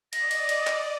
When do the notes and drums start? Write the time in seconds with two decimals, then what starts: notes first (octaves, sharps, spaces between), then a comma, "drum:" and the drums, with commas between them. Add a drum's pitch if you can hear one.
0.13 D5 D#5 A#6, drum: cymbal
0.31 drum: cymbal
0.49 drum: cymbal
0.67 drum: clap